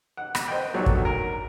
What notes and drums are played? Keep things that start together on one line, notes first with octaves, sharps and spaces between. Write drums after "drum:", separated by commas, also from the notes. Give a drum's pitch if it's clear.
F#5
drum: rim click
C5 D#5 F#5 G5
B1 F#3 A3 D4 D#4 F#5
drum: kick
A#4